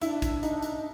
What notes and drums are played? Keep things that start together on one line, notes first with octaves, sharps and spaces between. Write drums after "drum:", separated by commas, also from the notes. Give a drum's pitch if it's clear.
D4 E4, drum: hi-hat
drum: kick, hi-hat
D#4, drum: hi-hat
drum: hi-hat